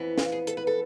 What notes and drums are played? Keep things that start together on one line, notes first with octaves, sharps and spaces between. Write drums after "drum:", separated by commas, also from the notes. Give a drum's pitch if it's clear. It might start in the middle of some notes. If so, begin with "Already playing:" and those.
Already playing: F2 E3 B3
F4, drum: snare
G#4
A4, drum: hi-hat
B4
A4